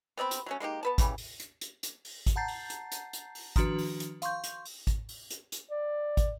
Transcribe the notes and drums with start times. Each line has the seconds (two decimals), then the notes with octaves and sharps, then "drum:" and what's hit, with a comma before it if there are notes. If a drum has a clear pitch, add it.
0.17 B3 C4 D5 B5
0.31 drum: hi-hat
0.46 F#3 A3 C#4
0.60 G#3 A#3 D#4 G4
0.83 B3 B4 A5
0.98 C#3 E3 G3, drum: kick, hi-hat
1.18 drum: open hi-hat
1.40 drum: hi-hat
1.61 drum: hi-hat
1.83 drum: hi-hat
2.05 drum: open hi-hat
2.27 drum: kick, hi-hat
2.36 F#5 A5 A#5 G6 A6 C7
2.48 drum: open hi-hat
2.70 drum: hi-hat
2.92 drum: hi-hat
3.13 drum: hi-hat
3.35 drum: open hi-hat
3.56 D#3 F3 D4 F#4 B4, drum: kick, hi-hat
3.78 drum: open hi-hat
4.00 drum: hi-hat
4.22 F5 C6 C#6 G6, drum: hi-hat
4.44 drum: hi-hat
4.65 drum: open hi-hat
4.87 drum: kick, hi-hat
5.09 drum: open hi-hat
5.30 drum: hi-hat
5.52 drum: hi-hat
5.70 D5
6.17 drum: kick, hi-hat